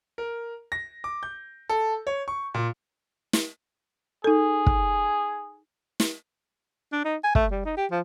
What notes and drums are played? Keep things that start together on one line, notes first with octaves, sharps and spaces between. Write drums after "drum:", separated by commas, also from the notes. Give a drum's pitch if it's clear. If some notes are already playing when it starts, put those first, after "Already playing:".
A#4
A#6
D6
G6
A4
C#5
C#6
A#2
drum: snare
D#4 G#4 A4
drum: kick
drum: snare
D4
D#4
G#5
A3, drum: kick
G3
D#4
G4
F3